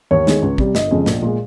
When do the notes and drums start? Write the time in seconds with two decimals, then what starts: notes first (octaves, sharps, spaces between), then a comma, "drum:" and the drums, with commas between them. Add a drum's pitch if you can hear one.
0.11 D#2 C#5
0.27 D#3 G#3, drum: snare
0.42 C#2
0.58 C3 G3, drum: kick
0.75 G1 D#5, drum: snare
0.91 F2 C#3 G#3
1.06 A#1, drum: snare
1.22 A#2 G#3